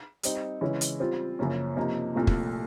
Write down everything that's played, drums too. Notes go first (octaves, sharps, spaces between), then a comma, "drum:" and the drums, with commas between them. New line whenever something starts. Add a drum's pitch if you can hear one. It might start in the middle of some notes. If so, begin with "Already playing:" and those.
G3 C4 D#4, drum: hi-hat
C#3 E3 G#3 C#4 E4
drum: hi-hat
G3 C4 F4
F#2 C#3 F3 A#3 C#4
C3 F3 A#3 D#4
C2 A#2 F3 A3
drum: kick